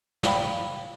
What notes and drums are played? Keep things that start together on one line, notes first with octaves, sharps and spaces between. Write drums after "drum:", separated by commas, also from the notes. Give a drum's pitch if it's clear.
D5 F5 G5 B5, drum: snare